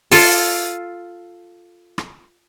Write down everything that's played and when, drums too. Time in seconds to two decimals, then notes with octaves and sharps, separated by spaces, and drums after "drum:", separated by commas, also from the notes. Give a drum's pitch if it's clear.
0.11 F4 A4, drum: open hi-hat
1.98 drum: rim click